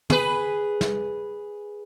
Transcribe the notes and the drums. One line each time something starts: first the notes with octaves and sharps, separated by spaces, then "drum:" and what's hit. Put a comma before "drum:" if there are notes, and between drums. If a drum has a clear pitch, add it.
G#4 B4, drum: tom
drum: snare